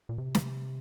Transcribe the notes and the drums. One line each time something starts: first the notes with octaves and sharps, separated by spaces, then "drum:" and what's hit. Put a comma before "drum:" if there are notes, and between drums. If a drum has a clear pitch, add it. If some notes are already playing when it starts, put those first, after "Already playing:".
A#2
C3
drum: snare